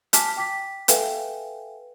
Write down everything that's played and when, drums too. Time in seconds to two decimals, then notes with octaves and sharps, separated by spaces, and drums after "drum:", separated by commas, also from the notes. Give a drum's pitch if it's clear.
0.13 G#5 A5 D6 F6 B6, drum: hi-hat
0.37 G5 D6 B6
0.88 A4 B4 E5 F5 G5 G#5, drum: hi-hat